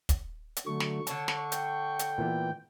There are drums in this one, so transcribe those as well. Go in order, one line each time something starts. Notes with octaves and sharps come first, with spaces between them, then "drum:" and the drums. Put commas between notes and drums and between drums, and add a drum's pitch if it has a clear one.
drum: kick, hi-hat
drum: hi-hat
D3 F#3 A3 C#6
drum: snare
D3 C#5 A5, drum: hi-hat
drum: snare
G5, drum: hi-hat
drum: hi-hat
A#2 E3 B3